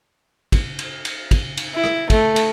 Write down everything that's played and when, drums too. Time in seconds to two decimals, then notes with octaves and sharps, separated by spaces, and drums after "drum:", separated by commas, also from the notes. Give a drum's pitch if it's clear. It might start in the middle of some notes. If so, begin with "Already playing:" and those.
0.52 drum: kick, cymbal
0.79 drum: cymbal
1.05 drum: cymbal
1.31 drum: kick, cymbal
1.57 drum: cymbal
1.74 E4
1.84 drum: rim click
2.10 A3, drum: kick, cymbal
2.36 drum: cymbal